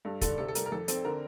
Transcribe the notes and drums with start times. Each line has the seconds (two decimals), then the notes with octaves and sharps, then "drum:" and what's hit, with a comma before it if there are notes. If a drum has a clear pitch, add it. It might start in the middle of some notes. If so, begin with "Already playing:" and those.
0.05 G2 A4
0.21 D3 A4, drum: kick, hi-hat
0.38 C3 A4
0.48 A4
0.55 G3 A#4, drum: hi-hat
0.66 A#4
0.72 F2 A4
0.88 C4 A4, drum: hi-hat
1.05 D3 A#4